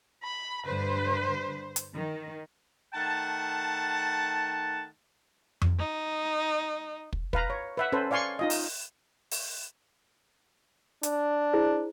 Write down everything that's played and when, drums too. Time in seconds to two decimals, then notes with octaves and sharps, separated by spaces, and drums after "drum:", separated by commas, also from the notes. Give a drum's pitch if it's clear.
0.23 B5
0.66 G2 D3 B4 C5
1.76 drum: hi-hat
1.94 D#3
2.94 D#3 A3 F#5 A5
5.62 drum: tom F2
5.79 D#4
7.13 drum: kick
7.33 B4 F5 A#5, drum: kick
7.50 C#5
7.77 B4 E5 F#5
7.92 C#4 A4 B4 C5
8.11 D5 F5 G#5 C6 C#6
8.39 D#4 F4 D#5
8.50 drum: open hi-hat
9.31 drum: open hi-hat
11.03 D4, drum: hi-hat
11.53 E4 G#4 C5